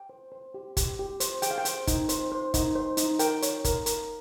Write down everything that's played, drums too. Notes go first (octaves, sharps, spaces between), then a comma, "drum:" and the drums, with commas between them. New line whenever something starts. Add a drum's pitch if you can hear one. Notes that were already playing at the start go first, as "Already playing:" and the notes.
Already playing: G5
C5
C5
G4
G4, drum: kick F#1, hi-hat
G4
C5, drum: hi-hat
G#4 G5, drum: hi-hat
F5
G5
C5, drum: hi-hat
D#4, drum: kick F#1, hi-hat
C5, drum: hi-hat
C5
D#4, drum: kick F#1, hi-hat
C5
D#4, drum: hi-hat
A#4 G5, drum: hi-hat
C#5, drum: hi-hat
A#4, drum: kick F#1, hi-hat
A#4, drum: hi-hat